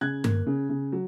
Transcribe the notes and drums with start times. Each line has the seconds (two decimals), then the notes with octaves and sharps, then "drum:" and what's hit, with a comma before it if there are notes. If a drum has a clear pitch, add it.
0.01 C#3 F#6 G#6
0.24 A#3, drum: tom G2
0.47 C#3
0.70 C#3
0.92 F#3